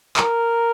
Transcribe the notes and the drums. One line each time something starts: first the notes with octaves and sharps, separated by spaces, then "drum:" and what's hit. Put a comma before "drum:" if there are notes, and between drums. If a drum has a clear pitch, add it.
A#4, drum: clap